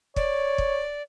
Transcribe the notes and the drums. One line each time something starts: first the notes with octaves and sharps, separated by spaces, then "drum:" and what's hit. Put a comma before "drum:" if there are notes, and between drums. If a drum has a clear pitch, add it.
C#5 D5, drum: kick
drum: kick